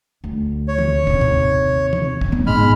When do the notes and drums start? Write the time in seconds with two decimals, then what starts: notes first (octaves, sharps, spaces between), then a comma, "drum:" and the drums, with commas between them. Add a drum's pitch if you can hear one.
0.24 D2
0.68 C#5
0.79 drum: tom
1.07 D#2 C3, drum: kick
1.21 drum: tom A2
1.93 drum: tom
2.21 drum: kick
2.32 B3
2.47 G#2 G#3 B5 F6